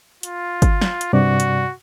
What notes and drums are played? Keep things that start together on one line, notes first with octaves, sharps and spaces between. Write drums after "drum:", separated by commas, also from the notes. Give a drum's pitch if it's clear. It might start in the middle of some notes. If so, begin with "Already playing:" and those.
F4, drum: hi-hat
drum: kick G1, hi-hat
drum: snare
drum: hi-hat
G2 C3 F#4 D5
drum: hi-hat